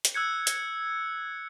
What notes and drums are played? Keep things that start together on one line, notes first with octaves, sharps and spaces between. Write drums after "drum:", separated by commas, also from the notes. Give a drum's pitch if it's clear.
drum: hi-hat
E6 F#6 G#6 C#7
drum: hi-hat